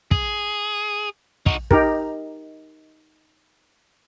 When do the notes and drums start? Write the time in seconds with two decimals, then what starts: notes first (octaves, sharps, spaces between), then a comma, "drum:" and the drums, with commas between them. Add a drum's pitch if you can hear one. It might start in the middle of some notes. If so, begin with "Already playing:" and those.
0.11 G#4, drum: kick
1.46 D#4 F#4, drum: kick
1.71 D#4 G4 A#4, drum: kick